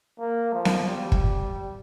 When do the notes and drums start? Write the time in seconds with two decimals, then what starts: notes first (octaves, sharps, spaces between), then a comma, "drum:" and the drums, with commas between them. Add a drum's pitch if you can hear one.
0.19 A#3
0.53 F3
0.65 drum: snare B3
0.88 G3
1.12 drum: kick